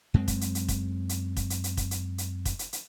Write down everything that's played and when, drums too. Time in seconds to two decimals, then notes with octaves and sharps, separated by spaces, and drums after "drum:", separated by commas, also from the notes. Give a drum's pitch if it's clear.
0.14 F#2 G#3 C4
0.28 drum: kick, hi-hat
0.41 drum: hi-hat
0.55 drum: hi-hat
0.68 drum: kick, hi-hat
1.09 drum: hi-hat
1.37 drum: kick, hi-hat
1.50 drum: hi-hat
1.64 drum: hi-hat
1.77 drum: kick, hi-hat
1.91 drum: hi-hat
2.18 drum: hi-hat
2.45 drum: kick, hi-hat
2.59 drum: hi-hat
2.73 drum: hi-hat